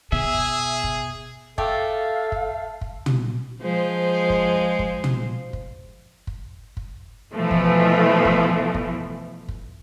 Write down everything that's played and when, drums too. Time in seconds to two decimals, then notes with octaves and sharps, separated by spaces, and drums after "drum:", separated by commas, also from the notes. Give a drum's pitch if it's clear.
0.12 B2 G#4 E5
0.34 drum: kick
0.84 drum: kick
1.58 A3 G4 A4 F5, drum: kick
2.32 drum: kick
2.81 drum: kick
3.06 drum: tom
3.62 F3 G#3 C5
4.30 drum: kick
4.79 drum: kick
5.04 drum: tom
5.53 drum: kick
6.27 drum: kick
6.77 drum: kick
7.34 B2 E3 F3 A3
7.51 drum: kick
8.25 drum: kick
8.74 drum: kick
9.48 drum: kick